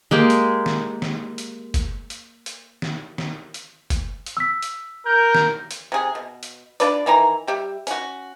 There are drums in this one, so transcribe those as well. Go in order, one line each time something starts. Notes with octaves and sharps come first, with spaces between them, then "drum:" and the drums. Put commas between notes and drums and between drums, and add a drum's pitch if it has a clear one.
G#3 A#3 G4
drum: hi-hat
drum: snare
drum: snare
drum: hi-hat
drum: kick, hi-hat
drum: hi-hat
drum: hi-hat
drum: snare
drum: snare
drum: hi-hat
drum: kick, hi-hat
drum: hi-hat
E6 B6
drum: hi-hat
A#4 G6
drum: snare
drum: hi-hat
C3 G#4
B2
drum: hi-hat
D4 F4 B4 D5, drum: hi-hat
D#3 E3 E4 A#5
G3 G4 E5
C#4 F#4, drum: hi-hat